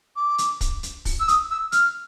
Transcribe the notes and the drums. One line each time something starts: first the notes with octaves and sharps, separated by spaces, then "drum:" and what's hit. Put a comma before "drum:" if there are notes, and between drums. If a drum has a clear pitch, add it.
D6
drum: hi-hat
drum: kick, hi-hat
drum: hi-hat
drum: kick, open hi-hat
E6
D#6, drum: hi-hat
E6
F6, drum: hi-hat